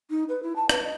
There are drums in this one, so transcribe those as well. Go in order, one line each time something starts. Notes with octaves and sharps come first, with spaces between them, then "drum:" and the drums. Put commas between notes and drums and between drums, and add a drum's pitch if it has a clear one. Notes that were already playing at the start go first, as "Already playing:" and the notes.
D#4
B4
E4
A5
B4, drum: rim click
D#5